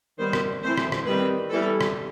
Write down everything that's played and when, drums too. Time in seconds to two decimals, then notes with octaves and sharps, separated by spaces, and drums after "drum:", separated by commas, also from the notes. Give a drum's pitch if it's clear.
0.19 D#3 G3 B3 C5
0.33 drum: rim click
0.62 E3 A3 C4 C5
0.77 drum: rim click
0.92 drum: rim click
1.06 D#3 G3 C4 B4
1.51 E3 G3 B3 A4
1.81 drum: rim click